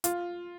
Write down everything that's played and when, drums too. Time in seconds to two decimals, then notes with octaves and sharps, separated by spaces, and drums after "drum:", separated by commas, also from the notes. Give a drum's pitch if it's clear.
0.04 F4, drum: hi-hat